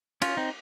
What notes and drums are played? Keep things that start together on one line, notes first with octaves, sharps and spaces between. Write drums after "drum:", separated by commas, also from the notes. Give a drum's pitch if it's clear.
C#4 F4, drum: cymbal
C4 D#4